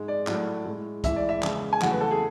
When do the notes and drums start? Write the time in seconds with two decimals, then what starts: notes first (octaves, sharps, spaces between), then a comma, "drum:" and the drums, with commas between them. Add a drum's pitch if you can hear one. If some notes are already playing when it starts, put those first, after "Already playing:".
Already playing: G#2 G#3
0.08 D5
0.27 A2 F#3 A3, drum: clap
0.65 A2 G#3
1.04 A2 E3 G#3 E5, drum: kick, hi-hat
1.16 D5
1.29 E5
1.43 E2 C#3 E3 G#3, drum: clap
1.73 G#5
1.81 E2 C#3 F#3 A3 F#5, drum: clap
1.91 B4
2.01 A4
2.11 G#4